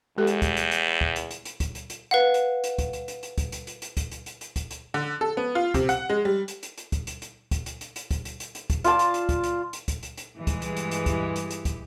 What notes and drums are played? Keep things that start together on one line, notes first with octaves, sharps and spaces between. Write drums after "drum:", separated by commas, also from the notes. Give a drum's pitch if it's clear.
E2 G#3 G4 A4
drum: hi-hat
drum: kick, hi-hat
drum: hi-hat
drum: hi-hat
drum: kick
drum: hi-hat
drum: hi-hat
drum: hi-hat
drum: kick, hi-hat
drum: hi-hat
drum: hi-hat
B4 F5 F#5
drum: hi-hat
drum: hi-hat
drum: kick, hi-hat
drum: hi-hat
drum: hi-hat
drum: hi-hat
drum: kick, hi-hat
drum: hi-hat
drum: hi-hat
drum: hi-hat
drum: kick, hi-hat
drum: hi-hat
drum: hi-hat
drum: hi-hat
drum: kick, hi-hat
drum: hi-hat
D3
A4
B3
F4
C3, drum: kick, hi-hat
F#5, drum: hi-hat
G#3
G3
drum: hi-hat
drum: hi-hat
drum: hi-hat
drum: kick, hi-hat
drum: hi-hat
drum: hi-hat
drum: kick, hi-hat
drum: hi-hat
drum: hi-hat
drum: hi-hat
drum: kick, hi-hat
drum: hi-hat
drum: hi-hat
drum: hi-hat
drum: kick, hi-hat
F4 D5 A5, drum: hi-hat
drum: hi-hat
drum: hi-hat
drum: kick, hi-hat
drum: hi-hat
drum: hi-hat
drum: kick, hi-hat
drum: hi-hat
drum: hi-hat
G2 E3 G#3 G4
drum: kick, hi-hat
drum: hi-hat
drum: hi-hat
drum: hi-hat
drum: kick, hi-hat
drum: hi-hat
drum: hi-hat
drum: kick, hi-hat